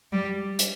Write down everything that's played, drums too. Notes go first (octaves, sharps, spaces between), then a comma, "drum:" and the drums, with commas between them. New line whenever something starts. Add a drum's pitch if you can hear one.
G3
drum: hi-hat